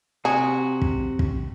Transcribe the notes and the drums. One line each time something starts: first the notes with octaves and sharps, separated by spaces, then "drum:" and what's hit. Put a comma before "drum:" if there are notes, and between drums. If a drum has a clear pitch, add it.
C3 F#4 G#4
drum: kick
drum: kick